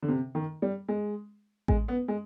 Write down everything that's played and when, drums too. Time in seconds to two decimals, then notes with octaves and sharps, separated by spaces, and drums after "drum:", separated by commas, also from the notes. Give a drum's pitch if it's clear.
0.03 D3
0.09 C3
0.35 D#3
0.62 G3
0.89 G#3
1.68 G#3, drum: kick A1
1.88 B3
2.08 G#3